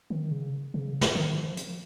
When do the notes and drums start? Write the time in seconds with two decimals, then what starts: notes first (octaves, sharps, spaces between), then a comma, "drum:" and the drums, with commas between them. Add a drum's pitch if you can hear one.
0.10 D#3
0.31 C#3
0.74 C#3
1.01 drum: snare
1.15 D#3
1.36 F3
1.57 drum: hi-hat